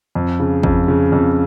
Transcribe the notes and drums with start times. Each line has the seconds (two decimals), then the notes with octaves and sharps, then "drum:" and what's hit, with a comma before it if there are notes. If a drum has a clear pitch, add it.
0.15 F2
0.40 C#3
0.63 F2, drum: kick
0.88 C#3
1.12 F2